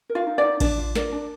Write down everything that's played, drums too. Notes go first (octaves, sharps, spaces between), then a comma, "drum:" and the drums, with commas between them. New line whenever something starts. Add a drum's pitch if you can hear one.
A#4
F4 F5
D#4
D5
D#4
D4 D5, drum: kick A1, cymbal
F4
A#4 D5, drum: snare
D4